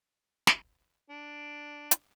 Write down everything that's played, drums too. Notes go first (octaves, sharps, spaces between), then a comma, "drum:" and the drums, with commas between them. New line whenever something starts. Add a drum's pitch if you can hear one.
drum: snare
D4
drum: hi-hat